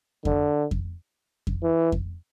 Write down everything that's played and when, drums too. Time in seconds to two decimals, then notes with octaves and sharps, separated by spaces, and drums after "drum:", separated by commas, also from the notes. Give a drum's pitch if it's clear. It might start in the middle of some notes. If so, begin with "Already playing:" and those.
0.25 D3, drum: kick F2
0.71 drum: kick F2
1.47 drum: kick F2
1.63 E3
1.92 drum: kick F2